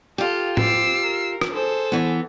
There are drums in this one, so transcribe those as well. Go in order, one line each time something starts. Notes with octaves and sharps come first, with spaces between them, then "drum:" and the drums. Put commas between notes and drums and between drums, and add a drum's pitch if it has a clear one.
F4 G4 A4 F5
C4 D6 E6 C7, drum: tom A2
A#4
drum: rim click
G#4 A4 C5
E3 B3